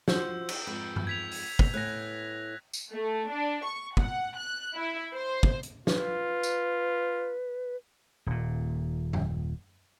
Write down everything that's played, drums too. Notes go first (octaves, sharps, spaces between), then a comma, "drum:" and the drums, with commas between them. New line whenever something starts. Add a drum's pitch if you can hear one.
F3 F#4 C5 E6 G6, drum: snare
drum: cymbal
F2 G#2 B4
drum: tom
G#6 B6 F7
drum: open hi-hat
drum: kick
A2 B3 G#5 F#6 A#6
drum: tambourine
A3
D4
C#6
F#5, drum: kick
F#6
E4
C5
drum: kick
drum: hi-hat
F4 B4, drum: snare
drum: tambourine
D#1 A#2
drum: tom F#2